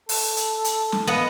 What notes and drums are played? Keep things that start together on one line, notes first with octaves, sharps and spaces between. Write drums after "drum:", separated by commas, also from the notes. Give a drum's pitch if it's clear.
A4, drum: open hi-hat
drum: hi-hat
drum: hi-hat
drum: snare
B3 D#5 F5 F#5